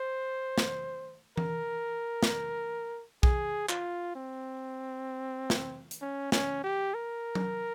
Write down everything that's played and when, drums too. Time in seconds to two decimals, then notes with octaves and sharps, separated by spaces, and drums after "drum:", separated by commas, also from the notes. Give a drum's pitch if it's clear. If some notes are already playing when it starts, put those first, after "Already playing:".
Already playing: C5
0.58 drum: snare
1.37 A#4, drum: tom E3
2.23 drum: snare
3.23 G#4, drum: kick B1
3.69 F4, drum: clap
4.16 C4
5.50 drum: snare
5.91 drum: hi-hat
6.02 C#4
6.32 C#4, drum: snare
6.64 G4
6.94 A#4
7.35 drum: tom F#3